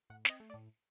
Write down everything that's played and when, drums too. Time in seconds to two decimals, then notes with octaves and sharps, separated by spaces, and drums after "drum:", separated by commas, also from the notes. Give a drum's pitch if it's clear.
0.10 A2 F#5
0.25 C4 D#5, drum: snare
0.40 A3
0.50 D5
0.54 A2